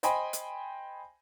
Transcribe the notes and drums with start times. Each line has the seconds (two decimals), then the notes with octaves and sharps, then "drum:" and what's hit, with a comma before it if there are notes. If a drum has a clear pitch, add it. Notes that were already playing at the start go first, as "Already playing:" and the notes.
0.03 C5 D#5 G5 G#5 B5, drum: hi-hat
0.33 drum: hi-hat